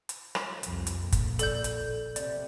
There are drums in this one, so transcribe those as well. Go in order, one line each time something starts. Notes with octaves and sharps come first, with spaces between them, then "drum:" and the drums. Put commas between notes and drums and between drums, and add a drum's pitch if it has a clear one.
drum: hi-hat
drum: rim click
C2 F2, drum: hi-hat
drum: hi-hat
A#1
drum: kick, hi-hat
A4 D5 G6, drum: hi-hat
drum: hi-hat
C3 D5, drum: hi-hat